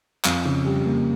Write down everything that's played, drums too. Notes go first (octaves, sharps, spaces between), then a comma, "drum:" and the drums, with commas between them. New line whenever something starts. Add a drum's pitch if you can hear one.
F2 F5, drum: clap
C#3
G3
A#3